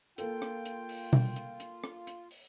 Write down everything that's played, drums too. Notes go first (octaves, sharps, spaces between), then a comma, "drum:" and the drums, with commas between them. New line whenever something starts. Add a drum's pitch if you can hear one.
A#3 F4 A4 G5, drum: hi-hat
drum: rim click
drum: hi-hat
drum: open hi-hat
drum: tom B2
drum: hi-hat
drum: hi-hat
drum: rim click
drum: hi-hat
drum: open hi-hat